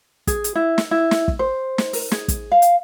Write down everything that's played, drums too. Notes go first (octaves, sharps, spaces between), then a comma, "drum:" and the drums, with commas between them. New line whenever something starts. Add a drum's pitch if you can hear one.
G#4, drum: kick, hi-hat
drum: hi-hat
E4
drum: snare
E4
drum: snare
drum: kick
C5
drum: snare
A#4, drum: open hi-hat
G#4, drum: snare
drum: kick, hi-hat
F5
drum: hi-hat